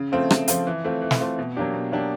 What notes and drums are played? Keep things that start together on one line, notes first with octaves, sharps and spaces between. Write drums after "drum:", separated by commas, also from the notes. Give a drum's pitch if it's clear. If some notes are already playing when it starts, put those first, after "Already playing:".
Already playing: C#3
F3 A3 C4 F4
C#3, drum: rim click
F3 A3 C4 F4, drum: hi-hat
E3
A3 C4 F4
E3
drum: snare
A3 C4 F4
B2
F#3 A#3 D4 G4
B2
F#3 A#3 D4 G4